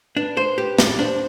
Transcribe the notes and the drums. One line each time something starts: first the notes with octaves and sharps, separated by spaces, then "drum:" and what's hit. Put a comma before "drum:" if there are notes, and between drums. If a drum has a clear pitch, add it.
D4 B4
C5
G4 B4
G3, drum: snare
D4 C5